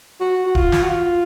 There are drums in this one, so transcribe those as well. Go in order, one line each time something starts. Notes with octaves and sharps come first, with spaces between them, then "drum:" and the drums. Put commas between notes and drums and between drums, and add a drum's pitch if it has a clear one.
F#4
F#4
F4, drum: kick D1
drum: snare
F#4
F4